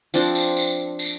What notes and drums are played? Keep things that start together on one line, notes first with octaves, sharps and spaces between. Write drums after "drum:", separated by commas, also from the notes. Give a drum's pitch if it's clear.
F3 C4 D4, drum: tambourine
drum: tambourine
drum: tambourine
drum: tambourine